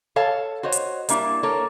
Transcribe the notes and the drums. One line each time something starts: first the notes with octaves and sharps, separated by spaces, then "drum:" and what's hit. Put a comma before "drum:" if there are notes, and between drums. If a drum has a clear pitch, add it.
A4 C#5 F5 A5
F#4 C5 C#5 D#5
drum: hi-hat
G3 A#3 D4 E4, drum: hi-hat
A#3 A4 A#4 C#5